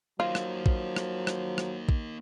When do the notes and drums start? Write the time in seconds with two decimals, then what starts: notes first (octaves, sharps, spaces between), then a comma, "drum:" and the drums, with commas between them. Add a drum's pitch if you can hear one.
0.20 F3 F#3 A#3 D#4 F4
0.35 drum: rim click
0.66 drum: kick
0.96 drum: rim click
1.27 drum: rim click
1.58 drum: rim click
1.89 drum: kick